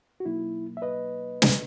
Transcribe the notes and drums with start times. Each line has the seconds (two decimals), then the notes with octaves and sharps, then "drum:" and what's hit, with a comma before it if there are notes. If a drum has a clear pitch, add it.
0.20 F#4
0.25 B2 F#3 A#3 D#4 E4
0.77 E5
0.82 B4 D#5
1.42 drum: snare